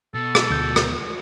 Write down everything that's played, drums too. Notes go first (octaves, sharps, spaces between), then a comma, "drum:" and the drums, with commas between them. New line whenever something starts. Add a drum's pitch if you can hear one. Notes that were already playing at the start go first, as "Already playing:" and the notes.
B2 A4
drum: rim click
D2 G6
drum: rim click